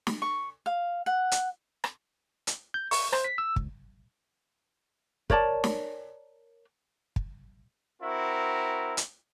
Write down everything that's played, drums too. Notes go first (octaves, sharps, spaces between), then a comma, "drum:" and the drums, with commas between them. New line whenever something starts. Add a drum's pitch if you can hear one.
drum: snare
C#6
F5
F#5
drum: hi-hat
drum: rim click
drum: hi-hat
G6
C#6, drum: open hi-hat
C5, drum: rim click
B6
E6
C#2, drum: kick
A#4 C#5 D5 A5, drum: kick
drum: snare
drum: kick
C4 E4 F#4 A#4
drum: hi-hat